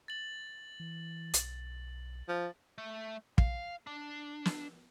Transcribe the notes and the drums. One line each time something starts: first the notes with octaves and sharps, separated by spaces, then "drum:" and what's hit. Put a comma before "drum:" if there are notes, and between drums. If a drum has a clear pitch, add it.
A6 F#7
E3
B1, drum: hi-hat
F3
A3
F5, drum: kick
D4
drum: snare